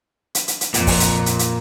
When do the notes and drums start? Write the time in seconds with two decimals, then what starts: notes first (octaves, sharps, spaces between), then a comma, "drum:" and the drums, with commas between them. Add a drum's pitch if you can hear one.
0.35 drum: hi-hat
0.48 drum: hi-hat
0.61 drum: hi-hat
0.74 F2 A#2, drum: hi-hat
0.87 drum: kick, open hi-hat
1.00 drum: hi-hat
1.26 drum: hi-hat
1.39 drum: hi-hat